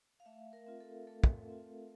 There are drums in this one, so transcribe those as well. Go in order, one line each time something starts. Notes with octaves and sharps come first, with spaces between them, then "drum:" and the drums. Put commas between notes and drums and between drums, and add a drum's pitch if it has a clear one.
F5
A3 E5
A#4
C4 F4
A4
A3 A4
drum: kick
C4 F4